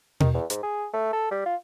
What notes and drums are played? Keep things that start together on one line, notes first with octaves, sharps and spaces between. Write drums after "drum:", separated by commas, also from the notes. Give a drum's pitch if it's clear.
D#3, drum: tom B2
E2
G#2, drum: hi-hat
G#4
A3
A4
G3
F4